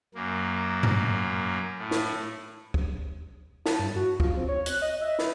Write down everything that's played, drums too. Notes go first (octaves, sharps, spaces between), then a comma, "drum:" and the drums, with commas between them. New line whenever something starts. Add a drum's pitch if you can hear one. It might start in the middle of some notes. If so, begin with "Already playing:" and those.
F#2 A#3
drum: tom G2
A2
drum: snare
drum: kick
A5, drum: snare
G2
F#4
F4, drum: kick
C4
C#5
F#6, drum: hi-hat
D#5
E5
B4, drum: snare